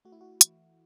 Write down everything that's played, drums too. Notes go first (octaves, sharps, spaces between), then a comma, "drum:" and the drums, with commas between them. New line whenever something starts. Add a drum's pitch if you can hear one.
A3 F#4
E4
F#4
E3, drum: hi-hat